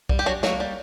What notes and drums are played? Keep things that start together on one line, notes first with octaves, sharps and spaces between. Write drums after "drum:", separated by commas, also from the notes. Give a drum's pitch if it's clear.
G3, drum: kick B1
G4
F#3 D4 F#4
F#3 A#3 F#4, drum: snare
G3